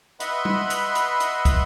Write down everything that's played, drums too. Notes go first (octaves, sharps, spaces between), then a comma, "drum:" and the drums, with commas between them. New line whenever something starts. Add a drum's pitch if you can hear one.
B4 D#5 E5 F#5 B5 C6, drum: hi-hat
drum: tom G3
drum: hi-hat
drum: hi-hat
drum: hi-hat
drum: kick, hi-hat